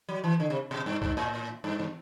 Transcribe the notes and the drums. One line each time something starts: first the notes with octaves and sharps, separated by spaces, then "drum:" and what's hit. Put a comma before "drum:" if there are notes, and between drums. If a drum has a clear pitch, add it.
F#3
E3
D3
C3
B2
G2
G2, drum: kick C2
A2
G2
drum: snare